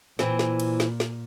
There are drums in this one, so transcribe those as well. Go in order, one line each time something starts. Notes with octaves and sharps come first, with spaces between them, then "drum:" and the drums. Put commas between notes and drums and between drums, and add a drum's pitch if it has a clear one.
A#2 E3 C4, drum: snare
drum: snare
drum: cymbal
drum: snare
drum: snare